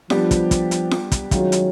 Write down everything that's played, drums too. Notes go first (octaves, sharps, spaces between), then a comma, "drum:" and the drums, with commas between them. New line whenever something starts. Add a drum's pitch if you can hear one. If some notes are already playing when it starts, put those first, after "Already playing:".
F3 G3 B3 D4 G4, drum: snare F4
drum: kick, hi-hat
drum: kick, hi-hat
drum: hi-hat
drum: snare F4
drum: kick, hi-hat
D#3 F#3 G#3 C#4 F4, drum: kick, hi-hat
drum: hi-hat